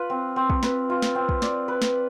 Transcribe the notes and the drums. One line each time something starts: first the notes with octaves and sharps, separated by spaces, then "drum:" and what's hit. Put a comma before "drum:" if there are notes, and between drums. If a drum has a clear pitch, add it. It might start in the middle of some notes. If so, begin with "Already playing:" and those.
Already playing: F4 B4
C4
C4
drum: kick
B4, drum: snare
F4
drum: snare
C4
drum: kick
D5, drum: snare
B4
drum: snare